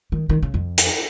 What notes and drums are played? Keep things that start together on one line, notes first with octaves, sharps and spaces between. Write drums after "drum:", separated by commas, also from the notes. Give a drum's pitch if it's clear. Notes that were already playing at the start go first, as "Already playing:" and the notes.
D#3
D#3
C#3
F2
drum: hi-hat